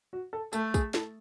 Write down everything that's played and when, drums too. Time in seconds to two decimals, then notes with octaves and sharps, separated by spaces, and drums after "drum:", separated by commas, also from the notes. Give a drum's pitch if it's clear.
0.13 F#4
0.33 A4
0.53 A3 A4, drum: tambourine
0.74 G#4, drum: kick, tambourine
0.94 A4, drum: snare